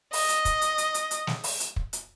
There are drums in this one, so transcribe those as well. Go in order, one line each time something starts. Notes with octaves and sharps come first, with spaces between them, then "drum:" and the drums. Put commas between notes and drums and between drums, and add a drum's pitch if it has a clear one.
D#5, drum: open hi-hat
drum: hi-hat
drum: kick, hi-hat
drum: hi-hat
drum: hi-hat
drum: hi-hat
drum: hi-hat
drum: snare
drum: open hi-hat
drum: hi-hat
drum: kick
drum: hi-hat